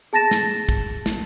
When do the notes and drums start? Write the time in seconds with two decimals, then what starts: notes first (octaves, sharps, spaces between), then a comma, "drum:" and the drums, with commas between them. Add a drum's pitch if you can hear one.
0.13 G#4 A5 A6 A#6 E7
0.31 drum: snare
0.69 drum: kick
1.06 drum: snare